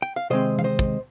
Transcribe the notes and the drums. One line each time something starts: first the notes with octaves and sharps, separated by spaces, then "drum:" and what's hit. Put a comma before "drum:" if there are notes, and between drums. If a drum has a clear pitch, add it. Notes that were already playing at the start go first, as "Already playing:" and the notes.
G5
F5
C3 D#3 G#3 C4 C5 D#5
F5, drum: tom E3
C5 D#5
drum: kick